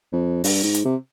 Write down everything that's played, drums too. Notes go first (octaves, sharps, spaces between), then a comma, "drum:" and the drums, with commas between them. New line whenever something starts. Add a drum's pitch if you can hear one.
F2
G2, drum: open hi-hat
G#2
drum: hi-hat
C3